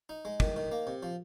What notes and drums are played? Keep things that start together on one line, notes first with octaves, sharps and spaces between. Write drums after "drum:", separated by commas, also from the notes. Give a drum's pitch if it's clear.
D#4
G#3
D#3, drum: kick
D#3
A#3
C3
F3